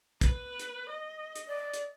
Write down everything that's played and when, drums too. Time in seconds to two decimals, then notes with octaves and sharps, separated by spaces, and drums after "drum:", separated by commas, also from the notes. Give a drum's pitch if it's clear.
0.21 B4, drum: kick, hi-hat
0.59 drum: hi-hat
0.90 D#5
1.36 drum: hi-hat
1.48 D5
1.74 drum: hi-hat